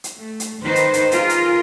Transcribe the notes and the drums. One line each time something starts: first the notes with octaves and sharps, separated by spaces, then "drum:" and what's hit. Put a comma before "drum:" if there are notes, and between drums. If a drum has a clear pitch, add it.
drum: hi-hat
A3
drum: hi-hat
D#3 D#4 B4 C5
drum: hi-hat
drum: hi-hat
F4 G#4 A#4, drum: hi-hat
drum: hi-hat